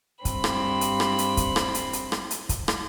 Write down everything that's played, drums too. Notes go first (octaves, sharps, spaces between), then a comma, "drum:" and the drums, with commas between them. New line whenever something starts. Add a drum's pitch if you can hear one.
G2 C4 B5, drum: kick, hi-hat
drum: rim click
drum: hi-hat
drum: rim click
drum: hi-hat
drum: kick, hi-hat
drum: rim click
drum: hi-hat
drum: hi-hat
drum: rim click
drum: hi-hat
drum: kick, hi-hat
drum: rim click